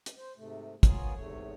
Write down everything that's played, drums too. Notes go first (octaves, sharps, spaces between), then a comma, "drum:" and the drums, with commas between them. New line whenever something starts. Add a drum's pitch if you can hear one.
drum: hi-hat
C5
G#2 C3 A3
B3 F4 G#4 A#4 C#5 G#5, drum: kick, hi-hat
E2 G#2 C3 A3 C#5